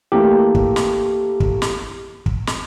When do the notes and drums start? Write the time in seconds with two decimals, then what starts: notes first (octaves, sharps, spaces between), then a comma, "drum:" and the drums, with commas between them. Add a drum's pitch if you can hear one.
0.12 E3 A3 A#3 G4
0.55 drum: kick
0.76 drum: snare
1.40 drum: kick
1.62 drum: snare
2.26 drum: kick
2.47 drum: snare